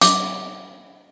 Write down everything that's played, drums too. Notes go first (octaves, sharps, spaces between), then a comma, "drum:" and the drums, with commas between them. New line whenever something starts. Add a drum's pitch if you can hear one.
D6, drum: hi-hat